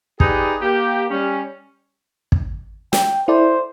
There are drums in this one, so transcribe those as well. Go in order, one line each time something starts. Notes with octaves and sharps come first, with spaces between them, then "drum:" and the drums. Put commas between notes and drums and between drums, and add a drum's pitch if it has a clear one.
D#4 G4 G#4 B4 D5, drum: kick
A#3 G4
G3 C#4
drum: kick
G5, drum: snare
E4 A4 C5 D5